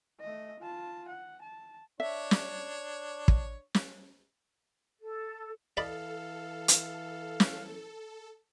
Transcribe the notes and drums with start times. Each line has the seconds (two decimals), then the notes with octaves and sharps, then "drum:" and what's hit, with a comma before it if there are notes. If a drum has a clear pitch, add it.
0.20 A3 D#5
0.60 F4 A5
1.09 F#5
1.42 A5
2.00 D4 C#5 E5
2.31 drum: snare
3.28 drum: kick
3.75 drum: snare
5.00 A4
5.77 E3 A4 D5 D#5 F5 B5
6.68 drum: hi-hat
7.40 drum: snare